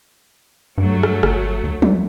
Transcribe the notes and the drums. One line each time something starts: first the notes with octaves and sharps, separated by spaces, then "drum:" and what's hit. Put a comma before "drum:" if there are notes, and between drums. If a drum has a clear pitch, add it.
G2 F#3 A3
drum: rim click
G1, drum: rim click
D#2
drum: tom F3